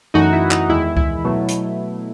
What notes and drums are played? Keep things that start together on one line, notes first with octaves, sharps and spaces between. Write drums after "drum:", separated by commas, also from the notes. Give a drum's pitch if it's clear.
F#2 E3 A3 D#4 F#4
E4
D#4, drum: clap
E2 D#3 G#3 E4
E4, drum: kick C#2
B2 F#3 A3
drum: hi-hat